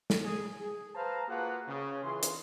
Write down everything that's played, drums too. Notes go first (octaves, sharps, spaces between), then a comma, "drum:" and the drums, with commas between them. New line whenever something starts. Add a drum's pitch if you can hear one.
drum: snare
G#4
G#4
B4 C5 F5 A5 A#5
A#3 F4 F#4 G#4 B4 F#5
C#3
E3 F4 G#4 C6
drum: hi-hat